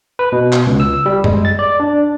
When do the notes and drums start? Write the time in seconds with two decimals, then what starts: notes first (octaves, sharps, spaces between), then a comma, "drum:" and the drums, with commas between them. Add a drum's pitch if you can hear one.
0.19 B4
0.32 B2
0.53 drum: clap
0.66 C#2
0.80 E6
1.06 G3
1.24 G#3, drum: tom F#2
1.45 A6
1.59 D5
1.80 D4